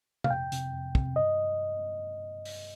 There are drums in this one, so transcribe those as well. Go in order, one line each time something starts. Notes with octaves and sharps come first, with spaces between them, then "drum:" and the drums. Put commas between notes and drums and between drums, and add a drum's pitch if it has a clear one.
F5, drum: tom C3
F2 G5
C3, drum: hi-hat
F2
C3, drum: kick
G2 D#5
drum: open hi-hat